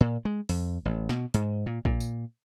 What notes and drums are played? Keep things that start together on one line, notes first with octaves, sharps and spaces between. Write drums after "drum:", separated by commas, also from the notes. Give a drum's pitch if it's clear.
A#2
G#3
F2, drum: open hi-hat
A1
B2, drum: snare
G#2, drum: hi-hat
A#2
A#2, drum: kick A#1
drum: tambourine